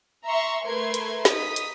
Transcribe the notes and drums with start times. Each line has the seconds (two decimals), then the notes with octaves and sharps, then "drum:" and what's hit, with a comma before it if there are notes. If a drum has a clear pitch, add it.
0.25 E5 A#5 C6 C#6
0.66 A3 A#4 B4 C6 G#6
0.94 drum: hi-hat
1.25 D#4 D#6 B6, drum: snare
1.56 drum: hi-hat